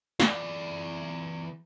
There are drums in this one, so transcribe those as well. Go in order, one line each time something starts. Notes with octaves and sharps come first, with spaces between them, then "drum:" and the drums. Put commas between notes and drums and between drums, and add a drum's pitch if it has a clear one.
E3 D5, drum: snare